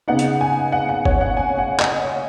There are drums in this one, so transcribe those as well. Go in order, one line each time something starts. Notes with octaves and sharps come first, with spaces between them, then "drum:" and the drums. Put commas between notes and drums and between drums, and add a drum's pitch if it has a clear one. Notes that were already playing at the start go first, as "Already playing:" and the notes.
C#3 B3 D#4 F#5
drum: hi-hat
G#5
F#5
F#5
C#5, drum: kick
F#5
G#5
F#5
D#5, drum: clap
C#5